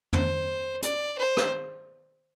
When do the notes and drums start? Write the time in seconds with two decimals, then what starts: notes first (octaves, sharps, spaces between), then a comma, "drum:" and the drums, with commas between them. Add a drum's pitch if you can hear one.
0.13 C5, drum: tom F2
0.82 D5, drum: hi-hat
1.18 C5
1.37 drum: rim click